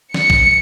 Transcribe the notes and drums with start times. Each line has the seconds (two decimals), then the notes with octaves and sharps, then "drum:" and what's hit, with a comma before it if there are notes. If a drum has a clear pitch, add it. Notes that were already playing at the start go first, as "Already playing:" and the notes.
0.14 C#7, drum: snare
0.30 drum: kick